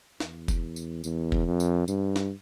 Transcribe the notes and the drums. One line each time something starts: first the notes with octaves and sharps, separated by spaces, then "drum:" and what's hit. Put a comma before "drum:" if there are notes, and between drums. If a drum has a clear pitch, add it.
E2, drum: snare
drum: kick F1, tambourine
drum: tambourine
E2, drum: tambourine
drum: kick F1
F2
drum: tambourine
G2, drum: tambourine
drum: snare